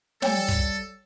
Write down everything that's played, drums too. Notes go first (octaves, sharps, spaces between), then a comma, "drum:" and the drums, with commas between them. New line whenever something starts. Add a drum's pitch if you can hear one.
G3 A4 C#5 G5 G#5, drum: snare
drum: kick